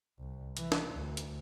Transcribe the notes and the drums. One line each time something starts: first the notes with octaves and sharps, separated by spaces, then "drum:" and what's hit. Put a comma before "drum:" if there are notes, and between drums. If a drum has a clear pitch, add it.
C2
E3, drum: hi-hat
drum: snare
D2
drum: hi-hat